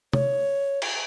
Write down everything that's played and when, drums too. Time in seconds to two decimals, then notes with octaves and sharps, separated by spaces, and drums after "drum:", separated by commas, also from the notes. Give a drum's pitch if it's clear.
0.13 C#5, drum: tom C3
0.82 drum: cymbal